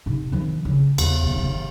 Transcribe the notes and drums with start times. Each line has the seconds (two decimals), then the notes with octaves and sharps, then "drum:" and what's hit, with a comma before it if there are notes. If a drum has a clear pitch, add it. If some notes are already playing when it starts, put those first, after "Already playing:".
0.06 C3 D#4
0.32 D#3 F3
0.65 C#3
0.98 E2, drum: cymbal
1.23 C3 D#3
1.35 G1 D#3